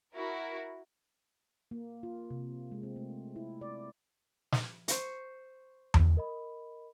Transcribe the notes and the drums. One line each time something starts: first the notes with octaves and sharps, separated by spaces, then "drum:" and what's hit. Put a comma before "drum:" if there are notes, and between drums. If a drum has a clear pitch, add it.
E4 F#4 A#4
A#3
F4
C3
G#3
C4
A3
E4
D5
drum: snare
C5 C#6, drum: hi-hat
drum: tom E2
A#4 D#5 B5